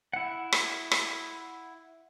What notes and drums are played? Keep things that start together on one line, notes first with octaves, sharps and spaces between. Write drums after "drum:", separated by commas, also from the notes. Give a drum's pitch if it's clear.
E4 F#5
drum: rim click
drum: rim click